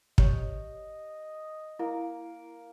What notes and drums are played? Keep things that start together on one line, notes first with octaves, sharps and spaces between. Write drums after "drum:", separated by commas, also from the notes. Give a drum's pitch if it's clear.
G4 C#5 D#5, drum: kick
A#3 E4